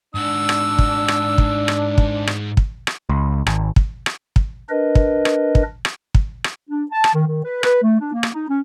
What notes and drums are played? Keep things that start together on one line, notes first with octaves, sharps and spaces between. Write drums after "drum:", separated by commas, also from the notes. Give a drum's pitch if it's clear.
G#2 D4 F#4 E6
drum: rim click
drum: kick
drum: rim click
drum: kick
drum: rim click
drum: kick
drum: rim click
drum: kick
drum: rim click
C#2
G#1, drum: rim click
drum: kick
drum: rim click
drum: kick
D4 A#4 B4 D#5
drum: kick
drum: rim click
drum: kick
drum: rim click
drum: kick
drum: rim click
D4
A5
drum: rim click
D#3
D#3
B4
B4, drum: rim click
A3
D4
A#3
drum: rim click
D#4
C#4